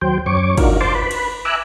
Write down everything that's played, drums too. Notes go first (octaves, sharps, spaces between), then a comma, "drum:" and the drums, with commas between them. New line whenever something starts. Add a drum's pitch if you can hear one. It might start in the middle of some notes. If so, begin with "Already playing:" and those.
D#2 F#3 C5 G5
F#2 C#5 C#6 D6
D4 D#4 F4 F#4 A#4, drum: kick, cymbal
C5 A5 C6 D6
B4 B5
drum: cymbal
E5 G#5 A#5 D6 E6 F#6